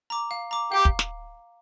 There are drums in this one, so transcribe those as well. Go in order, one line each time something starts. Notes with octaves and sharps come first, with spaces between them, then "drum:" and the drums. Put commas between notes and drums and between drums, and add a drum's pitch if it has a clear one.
A#5 D6
F5
A#5 D6
G4 F5
drum: kick
drum: snare